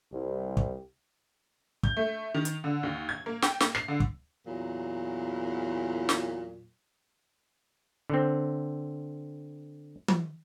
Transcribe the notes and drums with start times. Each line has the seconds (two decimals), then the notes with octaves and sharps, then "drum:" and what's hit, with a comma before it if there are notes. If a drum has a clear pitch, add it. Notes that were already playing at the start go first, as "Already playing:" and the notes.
0.13 C2 G4
0.57 drum: kick
1.84 G6, drum: kick
1.97 A3
2.34 D#3
2.45 drum: hi-hat
2.64 D3
2.83 D#2
3.09 G#6
3.26 A#3
3.42 G5, drum: snare
3.60 A#3, drum: snare
3.75 C7, drum: rim click
3.88 D3
4.00 drum: kick
4.46 E2 A#2 F#3
6.09 drum: snare
8.10 D3 C4
10.08 drum: tom E3